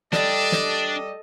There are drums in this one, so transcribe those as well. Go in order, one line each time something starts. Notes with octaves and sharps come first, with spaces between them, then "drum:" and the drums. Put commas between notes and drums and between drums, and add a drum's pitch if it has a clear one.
G3 D4 G4 A4 D5 D#5, drum: snare
drum: snare